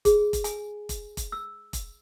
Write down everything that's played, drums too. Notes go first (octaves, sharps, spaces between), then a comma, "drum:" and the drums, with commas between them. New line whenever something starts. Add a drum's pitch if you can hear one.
G#4, drum: kick F1, hi-hat
drum: kick F1, hi-hat
G#5, drum: hi-hat
drum: kick F1, hi-hat
drum: kick F1, hi-hat
E6
drum: kick F1, hi-hat